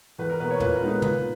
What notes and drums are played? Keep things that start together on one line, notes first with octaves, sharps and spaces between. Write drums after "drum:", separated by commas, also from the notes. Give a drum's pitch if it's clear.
E2 B4
A#4
B2 A#3 B4
C#5
A#2 B4, drum: tom
A#4
G#3 B3 D#4
B4
A#2 B4, drum: tom